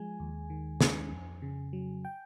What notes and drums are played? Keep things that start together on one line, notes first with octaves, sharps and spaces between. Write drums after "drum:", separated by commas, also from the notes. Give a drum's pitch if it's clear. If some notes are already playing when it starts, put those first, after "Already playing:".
Already playing: F3 G#3 G#5
D#2
D#3
G#3, drum: snare
F2
C#3
F#3
G5